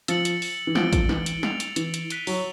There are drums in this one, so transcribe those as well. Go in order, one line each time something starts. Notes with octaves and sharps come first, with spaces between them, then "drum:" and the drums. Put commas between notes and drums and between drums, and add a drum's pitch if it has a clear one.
F3 E6 A6 C#7 F#7, drum: hi-hat
drum: hi-hat
drum: open hi-hat
E3
F3 A6 D7 G7, drum: snare
drum: kick, hi-hat
E3, drum: snare
drum: hi-hat
A6 C7 F7, drum: snare
drum: hi-hat
E3, drum: hi-hat
drum: hi-hat
F#6 B6 D#7 G7, drum: hi-hat
F#3, drum: open hi-hat